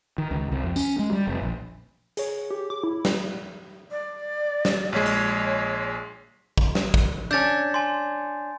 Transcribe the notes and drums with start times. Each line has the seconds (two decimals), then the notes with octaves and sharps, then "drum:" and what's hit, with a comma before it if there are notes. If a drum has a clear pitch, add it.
0.18 D#3
0.31 C#2
0.52 C2
0.64 F2
0.76 C#4, drum: tambourine
0.99 G#3
1.12 G3
1.27 F1
1.42 A#1
2.17 G#4 C#5, drum: hi-hat
2.51 G4
2.70 D6
2.83 E4
3.05 drum: snare
3.91 D5
4.65 drum: snare
4.93 A#1 G#3 C#5
5.06 drum: hi-hat
6.58 drum: kick
6.75 drum: snare
6.94 drum: kick
7.31 C#4 D4 G6 A6
7.74 G#5 C6